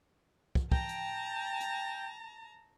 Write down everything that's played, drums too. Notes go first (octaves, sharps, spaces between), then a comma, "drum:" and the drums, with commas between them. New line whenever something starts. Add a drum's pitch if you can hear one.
drum: kick
G5 A5 A#5, drum: kick
drum: hi-hat
drum: hi-hat